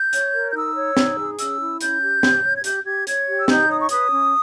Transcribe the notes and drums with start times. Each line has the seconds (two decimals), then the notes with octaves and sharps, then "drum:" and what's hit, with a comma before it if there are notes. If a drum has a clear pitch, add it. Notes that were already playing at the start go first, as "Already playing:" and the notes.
Already playing: G6
0.13 C#5, drum: hi-hat
0.34 A#4
0.50 G6
0.54 D#4 E6
0.76 C#5
0.97 D#4, drum: snare
1.18 G#4
1.39 C#4 E6, drum: hi-hat
1.60 E4
1.81 C#4 G6, drum: hi-hat
2.02 G4
2.23 G4, drum: snare
2.44 C#5
2.55 G#6
2.64 G4 G6, drum: hi-hat
2.85 G4 G#6
3.07 C#5 G#6, drum: hi-hat
3.28 G4
3.39 E6
3.48 D#4 G6, drum: snare
3.69 C#5 D#6
3.80 C#6
3.89 B4 D#6, drum: hi-hat
4.11 C#4